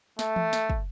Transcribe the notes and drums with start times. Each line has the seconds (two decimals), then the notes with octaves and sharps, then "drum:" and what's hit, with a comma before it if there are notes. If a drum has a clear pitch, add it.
0.19 A3, drum: snare
0.36 drum: tom E3
0.53 drum: snare
0.70 drum: kick